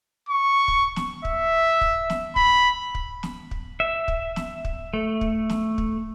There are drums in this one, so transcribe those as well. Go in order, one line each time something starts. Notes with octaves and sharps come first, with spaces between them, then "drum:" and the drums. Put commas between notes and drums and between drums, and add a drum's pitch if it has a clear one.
C#6
drum: kick
drum: snare
E5, drum: kick
drum: kick
drum: snare
B5, drum: kick
drum: kick
drum: snare
drum: kick
E5
drum: kick
drum: snare
drum: kick
A3
drum: kick
drum: snare
drum: kick